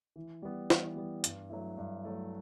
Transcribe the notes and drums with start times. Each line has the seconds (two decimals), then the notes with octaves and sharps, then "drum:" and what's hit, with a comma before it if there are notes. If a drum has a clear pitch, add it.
0.16 E3
0.42 G3 B3
0.70 E3, drum: snare
0.96 G3 B3
1.24 G2, drum: hi-hat
1.50 F#3 A3 E4
1.78 G2
2.03 F#3 A3 E4